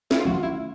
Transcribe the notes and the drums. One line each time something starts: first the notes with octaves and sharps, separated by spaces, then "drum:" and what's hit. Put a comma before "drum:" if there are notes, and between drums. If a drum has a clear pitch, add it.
E4, drum: snare
F4
D#3 F#3 A3 C#4 F#4
F4
E4